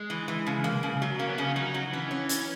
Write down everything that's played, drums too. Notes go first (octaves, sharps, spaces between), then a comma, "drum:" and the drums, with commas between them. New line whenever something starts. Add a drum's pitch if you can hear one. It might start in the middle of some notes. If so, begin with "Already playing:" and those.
Already playing: G#3
E3
E3
C#3
A#3, drum: tom C3
C#3
F#3
A#3 C#4
B3
C#3 C#4
F#3 D#4
F#3
E3 C#4
C#4
C#4, drum: hi-hat